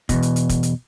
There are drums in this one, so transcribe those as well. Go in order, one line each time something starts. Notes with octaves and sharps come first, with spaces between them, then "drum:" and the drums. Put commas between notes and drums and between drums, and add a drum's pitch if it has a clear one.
E2 G2 B2, drum: kick, hi-hat
drum: hi-hat
drum: hi-hat
drum: kick, hi-hat
drum: hi-hat